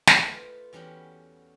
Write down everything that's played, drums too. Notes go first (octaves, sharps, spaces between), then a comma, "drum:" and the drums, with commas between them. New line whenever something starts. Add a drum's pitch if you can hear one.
drum: snare
A3 F4 B4 C5 D#5
E2 G3 C#4 F#4 G4 B5